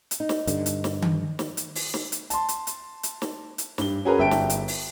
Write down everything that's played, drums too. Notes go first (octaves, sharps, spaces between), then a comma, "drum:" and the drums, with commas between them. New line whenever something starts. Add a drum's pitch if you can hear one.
drum: hi-hat
D#4
drum: snare
G2 D3, drum: hi-hat
drum: hi-hat
drum: snare
drum: tom D#3
drum: snare
drum: hi-hat
drum: open hi-hat
drum: snare
drum: hi-hat
A5 C6, drum: hi-hat
drum: hi-hat
drum: hi-hat
drum: hi-hat
drum: snare
drum: hi-hat
G2 G7, drum: snare
C#4 F#4 G#4 A#4 B4
G1 E5 G5 A5 D7
drum: snare
drum: hi-hat
drum: open hi-hat